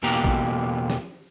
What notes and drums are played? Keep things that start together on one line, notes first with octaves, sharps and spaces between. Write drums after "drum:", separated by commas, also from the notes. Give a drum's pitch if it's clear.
E2 B2 A#3 G4 A#5
drum: kick
drum: snare